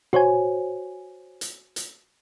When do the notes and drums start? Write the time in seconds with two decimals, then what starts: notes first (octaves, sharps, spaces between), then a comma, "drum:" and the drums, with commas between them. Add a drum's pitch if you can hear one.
0.13 F#4 C5 C#5 G#5, drum: tom A#2
1.41 drum: hi-hat
1.76 drum: hi-hat